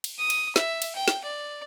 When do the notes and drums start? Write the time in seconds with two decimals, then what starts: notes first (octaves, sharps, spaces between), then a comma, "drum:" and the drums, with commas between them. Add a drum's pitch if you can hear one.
0.04 drum: cymbal
0.19 D#6
0.30 drum: cymbal
0.56 E5, drum: snare
0.82 drum: cymbal
0.95 G5
1.08 drum: snare
1.25 D5